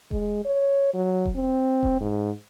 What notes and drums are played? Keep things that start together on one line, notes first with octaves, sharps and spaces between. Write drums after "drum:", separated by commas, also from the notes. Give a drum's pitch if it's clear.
G#3, drum: kick E1
C#5
F#3
drum: kick E1
C4
drum: kick E1
G#2